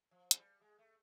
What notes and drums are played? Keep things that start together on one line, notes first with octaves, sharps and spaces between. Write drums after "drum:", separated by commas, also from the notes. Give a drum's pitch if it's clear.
F3
G#3, drum: hi-hat
G3
G#3
A3